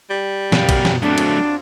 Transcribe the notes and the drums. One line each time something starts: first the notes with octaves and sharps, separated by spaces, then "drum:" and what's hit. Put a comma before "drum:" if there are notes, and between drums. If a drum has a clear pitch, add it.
G3
F#2 B2 B3 G4 F5, drum: snare
drum: kick, cymbal
drum: snare
F#3 A3 C4 D4 F4 F#4
drum: cymbal